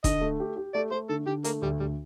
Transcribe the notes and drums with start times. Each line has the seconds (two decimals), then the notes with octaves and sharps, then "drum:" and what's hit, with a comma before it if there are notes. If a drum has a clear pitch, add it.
0.04 D3 D#5, drum: kick, hi-hat
0.21 A3
0.40 G4
0.56 G4
0.74 A3 D5
0.91 A3 C5
1.09 D3 A4
1.26 D3 G4
1.44 A3 A#3, drum: hi-hat
1.62 D2 G3
1.80 D2 G3